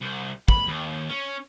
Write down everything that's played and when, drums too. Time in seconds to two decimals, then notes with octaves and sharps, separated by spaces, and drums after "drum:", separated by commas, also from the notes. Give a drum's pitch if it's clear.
0.02 C2
0.48 B5, drum: kick
0.68 D#2
1.09 C#4